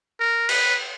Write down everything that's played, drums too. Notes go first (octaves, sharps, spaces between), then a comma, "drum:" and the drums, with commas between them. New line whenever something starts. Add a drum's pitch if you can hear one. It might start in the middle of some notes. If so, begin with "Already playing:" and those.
A#4
B4, drum: cymbal